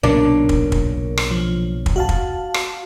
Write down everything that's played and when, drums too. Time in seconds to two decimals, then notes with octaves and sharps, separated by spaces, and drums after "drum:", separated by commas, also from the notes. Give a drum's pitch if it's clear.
0.03 B1 A#2 C#3 D4 A#4
0.49 drum: kick
0.72 drum: kick
1.17 drum: rim click
1.31 F3
1.86 drum: kick
1.96 F#4 F5 A5
2.09 drum: kick
2.54 drum: rim click